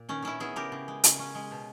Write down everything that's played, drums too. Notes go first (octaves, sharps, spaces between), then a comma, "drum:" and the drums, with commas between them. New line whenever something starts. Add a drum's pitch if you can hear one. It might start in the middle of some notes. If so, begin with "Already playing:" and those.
Already playing: A#2
D#3 C#4
D#3 C#4 E4
B3 E4 G#4
C#3 G4 A#4
C#3
G#3
C#3, drum: hi-hat
C#4
G#3
B2